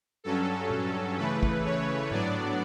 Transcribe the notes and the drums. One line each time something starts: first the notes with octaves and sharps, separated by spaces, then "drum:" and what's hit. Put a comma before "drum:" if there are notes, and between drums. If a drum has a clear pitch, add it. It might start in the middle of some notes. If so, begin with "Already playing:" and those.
G2 F#3 C#4 A4
drum: tom A#2
C#3 E3 A3 B4
drum: kick
C#5
A2 F#3 B3 D4 D5, drum: tom G#2